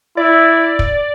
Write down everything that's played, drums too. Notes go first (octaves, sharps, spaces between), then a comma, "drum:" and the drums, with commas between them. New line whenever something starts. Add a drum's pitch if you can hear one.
E4 D5
drum: kick